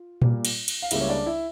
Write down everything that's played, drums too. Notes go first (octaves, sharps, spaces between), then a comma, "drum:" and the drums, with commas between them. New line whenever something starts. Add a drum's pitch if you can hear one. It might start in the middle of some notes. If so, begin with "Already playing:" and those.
Already playing: F4
A#2 G3 A#3, drum: tom A#2
drum: cymbal
drum: cymbal
F5
C#2 C#3 G3 A#3 E4 E5, drum: cymbal
C#5
D4 D5
E4 E5